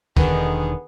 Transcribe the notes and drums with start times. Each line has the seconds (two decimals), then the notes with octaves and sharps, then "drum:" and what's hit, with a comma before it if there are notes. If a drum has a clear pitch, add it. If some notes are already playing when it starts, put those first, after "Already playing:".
0.17 E1 D3 D#3 B3 G#4, drum: kick